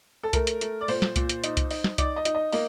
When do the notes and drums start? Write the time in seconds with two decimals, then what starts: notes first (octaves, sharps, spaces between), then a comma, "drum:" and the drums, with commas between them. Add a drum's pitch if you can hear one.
0.23 A4
0.33 A3 A#4, drum: kick C2, hi-hat
0.47 drum: hi-hat
0.61 A3, drum: hi-hat
0.81 D5
0.88 A#2 C5, drum: open hi-hat
1.02 drum: snare
1.16 A#2, drum: kick C2, hi-hat
1.29 drum: hi-hat
1.44 D#4, drum: hi-hat
1.57 drum: kick C2, hi-hat
1.71 D#4, drum: open hi-hat
1.84 drum: snare
1.98 D#4 D5, drum: kick C2, hi-hat
2.16 D#5
2.25 D#4, drum: hi-hat
2.35 D#5
2.52 A#3 D#5, drum: open hi-hat